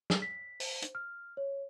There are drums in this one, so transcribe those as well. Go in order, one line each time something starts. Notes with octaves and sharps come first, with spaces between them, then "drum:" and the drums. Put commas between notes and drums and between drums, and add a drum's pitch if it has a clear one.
drum: snare
B6
C5, drum: open hi-hat
drum: hi-hat
F6
C#5